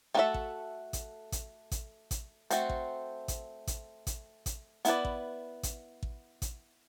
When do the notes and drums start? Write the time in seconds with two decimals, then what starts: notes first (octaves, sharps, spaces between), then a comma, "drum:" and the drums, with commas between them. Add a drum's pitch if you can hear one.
0.15 A3 C4 F#4 A4 E5
0.34 drum: kick A1
0.93 drum: kick A1, hi-hat
1.32 drum: kick A1, hi-hat
1.72 drum: kick A1, hi-hat
2.11 drum: kick A1, hi-hat
2.50 A3 C4 F#4 C5, drum: hi-hat
2.69 drum: kick A1
3.28 drum: kick A1, hi-hat
3.67 drum: kick A1, hi-hat
4.07 drum: kick A1, hi-hat
4.46 drum: kick A1, hi-hat
4.85 B3 E4 B4 D5, drum: hi-hat
5.05 drum: kick A1
5.63 drum: kick A1, hi-hat
6.03 drum: kick A1
6.42 drum: kick A1, hi-hat